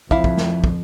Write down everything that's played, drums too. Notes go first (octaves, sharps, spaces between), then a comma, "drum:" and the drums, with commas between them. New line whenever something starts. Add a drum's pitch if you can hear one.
F2 E4 F5, drum: kick
drum: kick
drum: snare
drum: kick